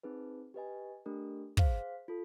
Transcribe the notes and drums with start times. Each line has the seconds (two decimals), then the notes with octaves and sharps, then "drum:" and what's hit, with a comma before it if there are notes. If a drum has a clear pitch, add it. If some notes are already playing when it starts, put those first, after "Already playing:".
0.03 C4 D#4 G#4 B4
0.54 G4 B4 D#5 G#5
1.06 A3 D4 G4 A#4
1.57 G#4 C5 F5, drum: kick
2.08 F4 A4